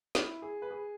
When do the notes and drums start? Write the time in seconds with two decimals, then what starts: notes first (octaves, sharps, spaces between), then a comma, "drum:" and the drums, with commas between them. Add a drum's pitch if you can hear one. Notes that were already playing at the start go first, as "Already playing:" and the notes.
0.15 E4, drum: snare
0.42 G#4
0.62 B4
0.71 G#4